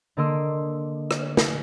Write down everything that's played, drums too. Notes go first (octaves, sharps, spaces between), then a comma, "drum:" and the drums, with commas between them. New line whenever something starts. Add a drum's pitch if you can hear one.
D3 A#3 D5 D#5 C6 E6
drum: rim click
drum: snare